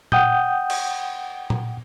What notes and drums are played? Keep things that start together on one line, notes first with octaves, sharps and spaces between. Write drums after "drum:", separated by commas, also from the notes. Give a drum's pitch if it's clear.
F#5 G5 D#6 G6, drum: tom A#2
drum: cymbal
drum: tom A#2